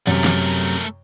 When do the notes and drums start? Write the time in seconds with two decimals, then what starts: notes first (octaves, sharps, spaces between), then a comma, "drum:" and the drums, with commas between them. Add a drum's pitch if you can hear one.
0.07 F#2 C3 A3 A#4, drum: hi-hat
0.24 drum: snare
0.41 drum: hi-hat
0.76 drum: hi-hat